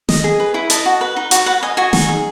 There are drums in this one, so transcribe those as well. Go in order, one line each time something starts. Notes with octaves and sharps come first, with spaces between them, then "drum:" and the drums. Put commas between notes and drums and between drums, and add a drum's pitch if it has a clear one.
D#5, drum: snare
G#4
B4
E4
D#5 A5, drum: hi-hat
F#4
B4
D#4
F#4, drum: hi-hat
B4 F#5
D#5 G#5
F#4 G#5
D#4, drum: snare
G#4